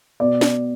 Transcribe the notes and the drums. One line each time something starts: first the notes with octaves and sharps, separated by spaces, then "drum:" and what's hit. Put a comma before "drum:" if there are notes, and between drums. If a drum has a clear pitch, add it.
B2 D5
drum: snare